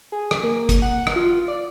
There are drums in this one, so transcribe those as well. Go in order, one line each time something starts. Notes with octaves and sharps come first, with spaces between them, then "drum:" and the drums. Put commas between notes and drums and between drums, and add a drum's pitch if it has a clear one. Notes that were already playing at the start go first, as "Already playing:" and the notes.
G#4
drum: rim click
A#3
drum: kick, hi-hat
F#5
drum: rim click
F4
D5